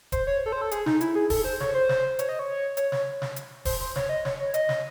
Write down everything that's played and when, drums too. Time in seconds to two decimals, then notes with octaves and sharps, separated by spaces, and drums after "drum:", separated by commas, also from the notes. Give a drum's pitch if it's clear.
0.12 C5, drum: kick D#1, hi-hat
0.27 C#5
0.46 A4
0.52 C5
0.61 A4
0.71 G#4, drum: hi-hat
0.86 D#4, drum: snare
1.01 E4, drum: hi-hat
1.15 G#4
1.30 A4, drum: kick D#1, open hi-hat
1.44 C5
1.60 C#5, drum: snare
1.74 C5
1.89 drum: snare
2.19 C#5, drum: hi-hat
2.29 D#5
2.39 C#5
2.77 C#5, drum: hi-hat
2.92 C#5, drum: snare
3.22 drum: snare
3.36 drum: hi-hat
3.65 C5, drum: kick D#1, open hi-hat
3.81 C5
3.96 C#5, drum: snare
4.09 D#5
4.25 C#5, drum: snare
4.40 C#5
4.54 D#5, drum: hi-hat
4.69 drum: snare